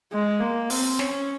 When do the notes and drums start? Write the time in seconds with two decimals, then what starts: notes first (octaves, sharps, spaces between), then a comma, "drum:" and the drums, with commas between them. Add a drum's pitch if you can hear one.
0.13 G#3
0.41 A#3
0.70 C4, drum: open hi-hat
0.99 C#4, drum: snare